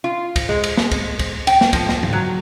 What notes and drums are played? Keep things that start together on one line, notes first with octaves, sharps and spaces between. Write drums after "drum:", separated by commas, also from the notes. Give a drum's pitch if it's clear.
F4
drum: kick C#2, cymbal
G#3
drum: cymbal
drum: snare
drum: kick C#2, cymbal
drum: kick C#2, cymbal
G5, drum: cymbal
drum: snare
F3, drum: kick C#2, cymbal
drum: snare
drum: tom G2
F#3